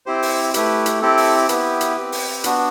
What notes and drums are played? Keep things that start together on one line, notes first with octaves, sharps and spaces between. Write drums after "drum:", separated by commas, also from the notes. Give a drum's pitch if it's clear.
C4 E4 G4 C5
drum: open hi-hat
A3 E4 G4 B4, drum: hi-hat
drum: hi-hat
C4 E4 G4 A4
drum: open hi-hat
B3 E4 G4 B4, drum: hi-hat
drum: hi-hat
C4 G4
drum: open hi-hat
B3 D4 F#4, drum: hi-hat